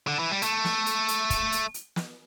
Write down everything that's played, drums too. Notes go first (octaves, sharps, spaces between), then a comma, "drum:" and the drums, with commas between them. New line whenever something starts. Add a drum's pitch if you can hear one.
D3
E3
G3
A3, drum: hi-hat
drum: snare
drum: hi-hat
drum: hi-hat
drum: kick, hi-hat
drum: hi-hat
drum: hi-hat
drum: snare